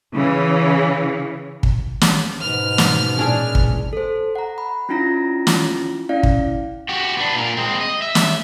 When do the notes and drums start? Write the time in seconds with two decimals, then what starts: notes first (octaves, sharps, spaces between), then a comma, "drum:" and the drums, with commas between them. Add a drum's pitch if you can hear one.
0.15 C#3 E3
1.63 drum: kick
2.01 drum: snare
2.41 G#2 B2 B4 F6
2.78 drum: snare
3.17 A#2 E3 G#3 C#4 D4 G#4
3.55 drum: kick
3.93 A4 C5
4.36 F#5 A#5
4.58 B5
4.89 C#4 D4 E4 F4 A#5 A#6
5.47 drum: snare
6.09 C#4 E4 D5 F5
6.23 drum: kick
6.89 F#4 G4
7.17 B3 D4
7.36 A#2 A#4
7.57 G#3 C4
7.81 D#5
8.02 E5
8.15 drum: snare